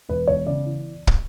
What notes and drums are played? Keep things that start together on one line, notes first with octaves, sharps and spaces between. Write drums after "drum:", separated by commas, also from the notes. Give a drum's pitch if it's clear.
E1 B4
E1 C#5
C#3 D5
E3
drum: kick